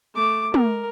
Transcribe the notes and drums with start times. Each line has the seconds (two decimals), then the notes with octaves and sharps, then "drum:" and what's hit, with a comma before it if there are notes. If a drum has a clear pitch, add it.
0.15 A3 D6
0.54 A#4, drum: tom